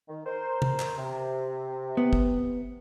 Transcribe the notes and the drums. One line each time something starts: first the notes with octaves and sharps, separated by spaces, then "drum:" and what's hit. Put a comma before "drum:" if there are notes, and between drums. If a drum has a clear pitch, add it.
D#3
A#4 C5
drum: tom
drum: clap
C3
B3
drum: kick